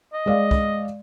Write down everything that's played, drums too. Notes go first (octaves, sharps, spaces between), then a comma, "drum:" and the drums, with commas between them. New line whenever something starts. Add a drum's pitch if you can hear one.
D#5
G#3 D5 F5
drum: kick